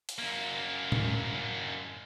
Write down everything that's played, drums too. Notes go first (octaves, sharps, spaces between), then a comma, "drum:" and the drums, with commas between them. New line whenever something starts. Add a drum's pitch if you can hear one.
drum: hi-hat
F#2 A#3
drum: tom A2